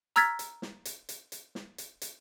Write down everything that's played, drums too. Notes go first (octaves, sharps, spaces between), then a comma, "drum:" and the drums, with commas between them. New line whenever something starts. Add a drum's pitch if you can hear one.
A#5 E6 F6 G#6 A6 B6, drum: hi-hat
drum: hi-hat
drum: snare
drum: hi-hat
drum: hi-hat
drum: hi-hat
drum: snare
drum: hi-hat
drum: hi-hat